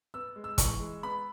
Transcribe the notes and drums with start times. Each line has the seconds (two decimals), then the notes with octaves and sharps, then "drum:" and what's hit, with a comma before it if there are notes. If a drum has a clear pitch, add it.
0.14 B3 E6
0.36 G#3
0.44 E6
0.58 E3 C#6, drum: kick, hi-hat
0.80 G#3
1.03 B3 B5